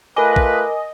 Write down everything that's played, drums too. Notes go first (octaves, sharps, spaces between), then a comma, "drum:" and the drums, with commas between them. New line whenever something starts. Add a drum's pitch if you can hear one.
A3 F4 A#4 B4 D#5 G#5 D6
drum: kick